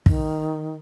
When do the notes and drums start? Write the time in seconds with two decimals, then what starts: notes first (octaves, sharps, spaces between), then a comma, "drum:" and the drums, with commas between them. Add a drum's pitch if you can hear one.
0.06 D#3, drum: kick